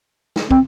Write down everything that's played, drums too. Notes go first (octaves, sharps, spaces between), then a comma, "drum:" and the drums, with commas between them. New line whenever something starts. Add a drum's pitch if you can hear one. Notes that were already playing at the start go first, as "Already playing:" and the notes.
drum: snare
C4, drum: kick